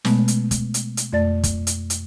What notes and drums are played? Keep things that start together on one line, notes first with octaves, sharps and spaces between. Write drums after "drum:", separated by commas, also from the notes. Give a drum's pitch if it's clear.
B2 G#3 A3 B3, drum: snare
drum: hi-hat
drum: kick, hi-hat
drum: hi-hat
drum: hi-hat
F2 A3 D5 A6
drum: kick, hi-hat
drum: hi-hat
drum: hi-hat